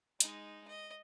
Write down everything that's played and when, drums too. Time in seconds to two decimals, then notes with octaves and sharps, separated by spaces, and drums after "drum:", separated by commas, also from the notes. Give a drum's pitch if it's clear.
0.20 G#3 D#4, drum: hi-hat
0.67 D#5